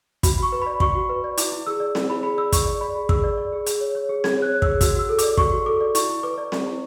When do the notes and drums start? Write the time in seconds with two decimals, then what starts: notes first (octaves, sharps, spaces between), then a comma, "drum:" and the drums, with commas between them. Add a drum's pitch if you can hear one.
0.23 F#4 B5, drum: kick, hi-hat
0.38 F#4 C#6
0.52 B4
0.62 D5 B5
0.80 F#4 C#6, drum: kick
0.95 F#4
1.09 B4
1.24 D5
1.37 E4 D6, drum: hi-hat
1.52 E4
1.67 G#4 E6
1.80 D5
1.95 E4, drum: snare C4
2.10 E4 B5
2.23 G#4 B5
2.37 D5 E6
2.52 G#4 C#6, drum: kick, hi-hat
2.66 D5
2.81 D5 B5
2.96 G#4
3.09 G#4 E6, drum: kick
3.24 D5
3.38 D5
3.53 G#4
3.66 G#4, drum: hi-hat
3.81 C#5
3.95 C#5
4.09 G#4
4.24 G#4 G#6, drum: snare C4
4.37 C#5 F#6
4.52 C#5
4.62 G#4 E6, drum: kick
4.81 F#4 E6, drum: kick, hi-hat
4.95 F#4 E6
5.09 A4
5.18 D5 D6, drum: hi-hat
5.37 F#4 C#6, drum: kick
5.51 F#4
5.66 A4 D6
5.81 D5
5.95 E4 C#6, drum: hi-hat
6.09 E4
6.23 B4 D6
6.38 D5
6.52 E4, drum: snare C4
6.66 E4